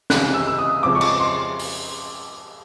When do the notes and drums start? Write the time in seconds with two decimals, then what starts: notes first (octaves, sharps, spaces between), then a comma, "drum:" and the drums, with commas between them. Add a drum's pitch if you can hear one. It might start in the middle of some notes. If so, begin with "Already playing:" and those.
0.10 C#2 C3 E3 F#6, drum: snare
0.34 E6
0.47 E6
0.58 D#6
0.83 F2 C#3 F3 G#3 D6
0.95 C#6
1.01 D6, drum: cymbal
1.20 C6
1.59 drum: open hi-hat